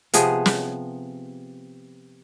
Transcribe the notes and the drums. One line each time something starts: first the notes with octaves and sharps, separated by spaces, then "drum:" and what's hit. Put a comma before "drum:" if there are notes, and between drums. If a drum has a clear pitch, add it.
C3 F3 B3 G#4, drum: hi-hat
drum: snare